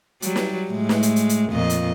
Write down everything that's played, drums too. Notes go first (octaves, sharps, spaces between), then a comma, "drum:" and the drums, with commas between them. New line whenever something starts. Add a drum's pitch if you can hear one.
F#3 G3, drum: hi-hat
drum: snare
A2 G#3
drum: snare
drum: hi-hat
drum: hi-hat
drum: hi-hat
F2 A#2 D#5
drum: hi-hat